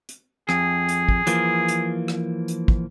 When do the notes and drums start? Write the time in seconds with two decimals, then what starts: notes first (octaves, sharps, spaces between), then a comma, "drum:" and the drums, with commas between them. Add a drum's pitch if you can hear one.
0.09 drum: hi-hat
0.49 F2 G#4, drum: rim click
0.89 drum: hi-hat
1.09 drum: kick
1.27 E3 F3 A#3, drum: hi-hat
1.68 drum: hi-hat
2.08 drum: rim click
2.48 drum: hi-hat
2.68 drum: kick